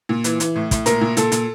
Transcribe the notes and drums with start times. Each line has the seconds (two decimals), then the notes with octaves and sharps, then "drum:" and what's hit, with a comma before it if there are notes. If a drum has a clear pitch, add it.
0.09 A#2
0.24 E3, drum: hi-hat
0.40 E3, drum: hi-hat
0.55 A2
0.71 A2, drum: kick, hi-hat
0.86 A#2 A#4, drum: hi-hat
1.01 A#2
1.17 A#2 A4, drum: hi-hat
1.32 A#2, drum: hi-hat